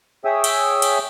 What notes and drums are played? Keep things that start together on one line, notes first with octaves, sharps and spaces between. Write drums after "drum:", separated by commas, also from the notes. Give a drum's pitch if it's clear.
G#4 C#5 E5 G5 D#6 E6
drum: cymbal
drum: cymbal